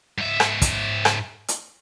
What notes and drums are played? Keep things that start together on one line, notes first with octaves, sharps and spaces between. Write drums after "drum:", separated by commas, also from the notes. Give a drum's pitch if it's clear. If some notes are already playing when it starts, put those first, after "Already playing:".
G#2 E5
drum: rim click
drum: kick, hi-hat
drum: rim click
drum: hi-hat